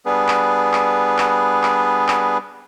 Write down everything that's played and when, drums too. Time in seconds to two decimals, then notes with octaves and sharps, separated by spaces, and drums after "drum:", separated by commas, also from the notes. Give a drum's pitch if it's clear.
0.06 G3 B3 D4 G#4 B4
0.28 drum: clap
0.73 drum: clap
1.18 drum: clap
1.63 drum: clap
2.08 drum: clap